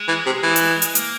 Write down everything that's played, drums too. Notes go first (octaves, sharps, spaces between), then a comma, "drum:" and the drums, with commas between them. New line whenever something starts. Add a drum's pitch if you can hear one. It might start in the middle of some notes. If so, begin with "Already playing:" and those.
Already playing: G#3
E3
C3
E3
drum: hi-hat
drum: hi-hat
A#3, drum: hi-hat